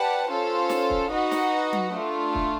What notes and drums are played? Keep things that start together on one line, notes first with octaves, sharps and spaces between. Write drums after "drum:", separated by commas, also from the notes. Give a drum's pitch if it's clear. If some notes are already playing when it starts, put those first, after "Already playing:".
Already playing: G4 B4 D5 F#5 A5
C#4 F4 A4 C5
drum: snare
drum: kick
D#4 F#4 B4 D#5 F#5
drum: snare
drum: tom F#3
A3 D4 F4
drum: kick